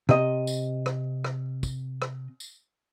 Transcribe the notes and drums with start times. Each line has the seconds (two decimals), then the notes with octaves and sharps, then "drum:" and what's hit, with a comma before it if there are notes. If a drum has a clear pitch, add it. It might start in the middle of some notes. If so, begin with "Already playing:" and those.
0.09 C3 D#5, drum: rim click
0.47 drum: tambourine
0.86 drum: rim click
1.24 drum: rim click
1.63 drum: kick, tambourine
2.02 drum: rim click
2.40 drum: tambourine